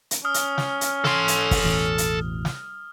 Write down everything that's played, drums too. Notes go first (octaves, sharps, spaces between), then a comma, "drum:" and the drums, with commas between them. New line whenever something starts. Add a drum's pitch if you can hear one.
drum: hi-hat
C#4 D#6 F6
drum: hi-hat
drum: snare
drum: hi-hat
A4 C6, drum: snare
drum: hi-hat
drum: kick, open hi-hat
A1 E2 B2
drum: hi-hat
drum: snare